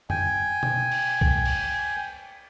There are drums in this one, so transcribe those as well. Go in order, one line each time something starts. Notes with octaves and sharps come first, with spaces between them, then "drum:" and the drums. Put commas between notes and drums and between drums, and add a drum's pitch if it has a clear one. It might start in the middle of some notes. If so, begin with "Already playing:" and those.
G5 G#5, drum: tom F2
drum: tom B2
drum: cymbal
drum: kick B1
drum: cymbal